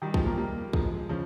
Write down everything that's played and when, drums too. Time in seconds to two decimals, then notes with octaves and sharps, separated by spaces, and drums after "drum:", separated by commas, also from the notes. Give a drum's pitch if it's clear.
0.02 D#3 G3
0.14 F3 G#3, drum: kick
0.26 G3 A#3
0.38 G3 A#3
0.73 F3 G#3, drum: kick
1.09 C#3 F3